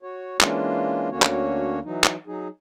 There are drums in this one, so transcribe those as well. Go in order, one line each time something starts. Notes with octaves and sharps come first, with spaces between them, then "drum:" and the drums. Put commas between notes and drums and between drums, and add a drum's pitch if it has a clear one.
F#4 C#5
E3 G#3 A#3 C#4 D4 F4, drum: clap
D2 D3 A#3 C#4 F#4 C#5
drum: clap
E3 F#3 D#4
drum: clap
F#3 D#4 G#4